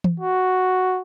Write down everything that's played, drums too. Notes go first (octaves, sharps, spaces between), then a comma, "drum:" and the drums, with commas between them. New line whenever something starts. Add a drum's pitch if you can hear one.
drum: tom E3
F#4